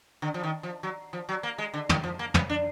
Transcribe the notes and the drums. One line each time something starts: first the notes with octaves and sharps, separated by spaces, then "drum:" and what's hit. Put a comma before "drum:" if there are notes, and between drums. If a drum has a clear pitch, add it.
D3
F3
D#3
F3
F#3
F3
F#3
A#3
G#3
D3
D#3, drum: tom
F3
A#3
B3, drum: tom
D4